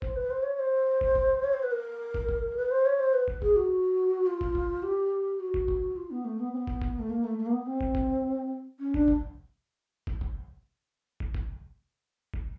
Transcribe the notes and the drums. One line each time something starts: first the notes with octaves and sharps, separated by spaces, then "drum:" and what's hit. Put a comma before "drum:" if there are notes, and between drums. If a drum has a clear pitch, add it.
C5, drum: kick
B4
C5
C#5
C#5
C5
drum: kick
drum: kick
C#5
C5
B4
A#4
drum: kick
drum: kick
B4
C5
C#5
C5
B4
drum: kick
G#4, drum: kick
F#4
F4
drum: kick
drum: kick
G4
F#4
drum: kick
drum: kick
F4
B3
A3
B3
C4
B3
drum: kick
drum: kick
A3
A#3
A3
A3
A#3
B3
C4
drum: kick
drum: kick
C#4
D4, drum: kick
drum: kick
drum: kick
drum: kick
drum: kick
drum: kick
drum: kick